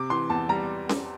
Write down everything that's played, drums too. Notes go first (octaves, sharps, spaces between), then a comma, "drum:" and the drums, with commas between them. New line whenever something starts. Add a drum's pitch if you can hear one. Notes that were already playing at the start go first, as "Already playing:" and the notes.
Already playing: C3 D6
E3 C6
E2 A5
G3 A#5
drum: snare C#4